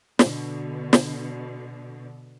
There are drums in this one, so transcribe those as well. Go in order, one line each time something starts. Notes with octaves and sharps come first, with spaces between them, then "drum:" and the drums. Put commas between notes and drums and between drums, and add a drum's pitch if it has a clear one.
B2 D3, drum: snare
drum: snare